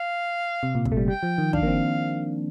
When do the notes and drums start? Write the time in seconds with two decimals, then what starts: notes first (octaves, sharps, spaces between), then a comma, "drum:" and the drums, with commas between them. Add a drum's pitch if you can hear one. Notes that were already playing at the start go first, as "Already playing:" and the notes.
Already playing: F5
0.63 C3
0.75 A#2
0.85 C3, drum: kick
0.92 A3
0.97 G3
1.08 G3 G5
1.23 F3
1.38 D#3
1.53 D4 F5, drum: kick
1.63 A#3
1.68 C4